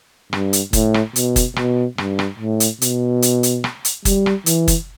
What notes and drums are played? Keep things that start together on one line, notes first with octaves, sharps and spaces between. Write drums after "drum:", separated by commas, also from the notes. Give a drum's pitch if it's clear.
G2, drum: rim click
drum: hi-hat
A2, drum: kick, hi-hat
drum: rim click
B2, drum: hi-hat
drum: kick, hi-hat
B2, drum: rim click
G2, drum: rim click
drum: rim click
A2
drum: hi-hat
B2, drum: hi-hat
drum: hi-hat
drum: hi-hat
drum: rim click
drum: hi-hat
G3, drum: kick, hi-hat
drum: rim click
E3, drum: hi-hat
drum: kick, hi-hat